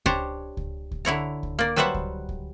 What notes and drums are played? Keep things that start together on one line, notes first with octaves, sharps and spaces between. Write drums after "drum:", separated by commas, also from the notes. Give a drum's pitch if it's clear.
D4 G4 C5 C#5, drum: kick C#2
drum: kick C#2
drum: kick C#2
D3 E4 C#5 A#5
drum: kick C#2
A#3 D5
F#3 G3 B4 C5 E5 F#5
drum: kick C#2
drum: kick C#2